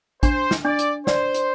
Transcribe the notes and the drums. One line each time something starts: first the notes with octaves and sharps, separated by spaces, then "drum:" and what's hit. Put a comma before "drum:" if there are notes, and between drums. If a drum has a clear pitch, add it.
D4 C5, drum: kick A1, hi-hat
drum: snare
D4 D5
drum: hi-hat
C5 D5, drum: snare
drum: hi-hat